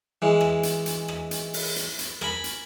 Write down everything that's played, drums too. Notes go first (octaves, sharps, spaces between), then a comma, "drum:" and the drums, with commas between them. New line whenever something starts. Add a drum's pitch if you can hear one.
E3 G#3
drum: rim click
drum: hi-hat
drum: hi-hat
drum: rim click
drum: hi-hat
drum: open hi-hat
drum: hi-hat
drum: hi-hat
A#4 G#5 B5, drum: rim click
drum: hi-hat